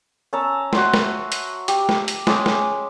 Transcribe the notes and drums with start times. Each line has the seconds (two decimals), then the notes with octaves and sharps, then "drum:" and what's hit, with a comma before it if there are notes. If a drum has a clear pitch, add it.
0.33 C#4 A5 A#5 E6
0.73 F#4 E5 C6, drum: snare
0.94 drum: snare
1.32 drum: hi-hat
1.68 G4, drum: hi-hat
1.89 drum: snare
2.08 drum: hi-hat
2.27 G#3 C#4 D6, drum: snare
2.46 drum: snare